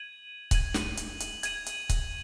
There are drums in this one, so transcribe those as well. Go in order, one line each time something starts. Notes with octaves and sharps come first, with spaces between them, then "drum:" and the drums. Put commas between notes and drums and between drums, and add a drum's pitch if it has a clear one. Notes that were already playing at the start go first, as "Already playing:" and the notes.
Already playing: G#6 D#7 F#7
G#6 D#7 F#7, drum: kick C#1, hi-hat
drum: snare
drum: hi-hat
drum: hi-hat
G#6 D#7 F#7, drum: hi-hat
drum: hi-hat
drum: kick C#1, hi-hat